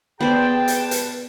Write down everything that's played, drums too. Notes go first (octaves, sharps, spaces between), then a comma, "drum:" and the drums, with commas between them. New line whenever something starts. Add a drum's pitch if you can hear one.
B3 G4 G#4 B4 C5 D5 G5 A5
drum: hi-hat
drum: hi-hat